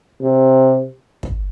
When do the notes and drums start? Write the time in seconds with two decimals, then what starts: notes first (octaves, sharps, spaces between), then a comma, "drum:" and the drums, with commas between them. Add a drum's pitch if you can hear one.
0.21 C3
1.23 drum: kick